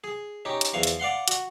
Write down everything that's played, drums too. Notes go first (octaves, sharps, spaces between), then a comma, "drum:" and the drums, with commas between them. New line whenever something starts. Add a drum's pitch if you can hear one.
G#4
C#4 D#4 G4
drum: hi-hat
E2 F3 F5 C#6
drum: hi-hat
D5 F5 F#5 C6
F#4, drum: hi-hat